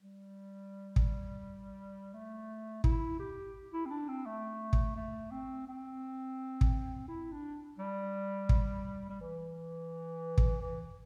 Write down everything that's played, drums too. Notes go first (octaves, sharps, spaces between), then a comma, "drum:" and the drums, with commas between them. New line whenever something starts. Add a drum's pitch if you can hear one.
G3
drum: kick
A3
E4, drum: kick
G4
E4
C4
D4
C4
A3
drum: kick
A3
C4
C4
drum: kick
E4
D4
G3
drum: kick
G3
E3
drum: kick
E3